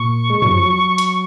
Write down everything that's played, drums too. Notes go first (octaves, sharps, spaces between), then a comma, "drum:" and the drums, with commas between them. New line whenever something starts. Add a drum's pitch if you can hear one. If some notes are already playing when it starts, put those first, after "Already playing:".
Already playing: A#2 C#6
G#3
F#3, drum: tom
F3
F#3
drum: hi-hat